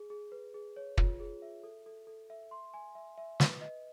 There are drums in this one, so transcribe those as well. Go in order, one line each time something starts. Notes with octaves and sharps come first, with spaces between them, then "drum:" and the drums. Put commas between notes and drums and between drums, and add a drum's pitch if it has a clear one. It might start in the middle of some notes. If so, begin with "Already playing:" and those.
Already playing: G#4
G#4
B4
G#4
C#5
F4, drum: kick
G#4
E5
A4
A4
A4
E5
C6
G#5
E5
E5
B4, drum: snare
D#5